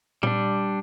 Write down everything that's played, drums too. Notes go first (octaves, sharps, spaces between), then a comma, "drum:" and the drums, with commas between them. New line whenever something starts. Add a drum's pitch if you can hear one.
G3 D4, drum: tom A#2